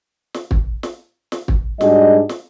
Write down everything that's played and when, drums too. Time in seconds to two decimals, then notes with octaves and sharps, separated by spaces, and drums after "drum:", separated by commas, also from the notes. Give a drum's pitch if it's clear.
0.34 drum: snare
0.51 drum: kick
0.83 drum: snare
1.32 drum: snare
1.48 drum: kick
1.81 G#2 G3 D4 F#4 G#4 D#5, drum: snare
2.29 drum: snare